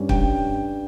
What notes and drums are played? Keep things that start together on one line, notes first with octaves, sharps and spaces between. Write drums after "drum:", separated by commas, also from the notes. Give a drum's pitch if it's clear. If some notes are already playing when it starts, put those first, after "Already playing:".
Already playing: G2 G3 C#4
G5, drum: kick